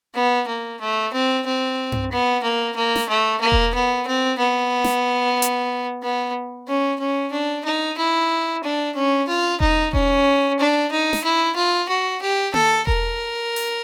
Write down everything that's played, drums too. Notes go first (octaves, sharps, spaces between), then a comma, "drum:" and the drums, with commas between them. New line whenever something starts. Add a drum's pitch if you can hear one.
B3
A#3
A3
C4
C4
drum: tom G2
B3
A#3
A#3
drum: snare
A3
A#3
drum: kick E1
B3
C4
B3
drum: snare
drum: hi-hat
B3
C#4
C#4
D4
D#4
E4
D4
C#4
F4
D#4, drum: kick E1
C#4, drum: kick E1
D4
D#4
drum: snare
E4
F4
F#4
G4
A4, drum: tom A#3
A#4, drum: kick E1
drum: open hi-hat